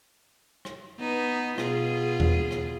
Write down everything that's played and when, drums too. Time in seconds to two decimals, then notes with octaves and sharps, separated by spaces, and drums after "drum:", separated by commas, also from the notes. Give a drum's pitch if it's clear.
0.65 drum: rim click
1.00 B3 D#4
1.58 B2 F4 G#4, drum: rim click
2.20 drum: tom E2
2.51 drum: rim click